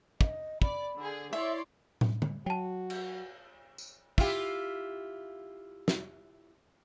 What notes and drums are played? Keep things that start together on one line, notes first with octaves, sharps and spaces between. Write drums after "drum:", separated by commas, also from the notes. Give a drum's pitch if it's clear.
D#5, drum: kick
D5 B5, drum: kick
D3 G#4
E4 C#5 D5 E5 C6
drum: tom
drum: tom
F#3 F#4 G5 A5
drum: cymbal
drum: tambourine
E4 F4 G4, drum: kick
drum: snare